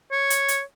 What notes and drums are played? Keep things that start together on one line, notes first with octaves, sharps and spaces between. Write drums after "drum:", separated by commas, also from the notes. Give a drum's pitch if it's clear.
C#5
drum: hi-hat
drum: hi-hat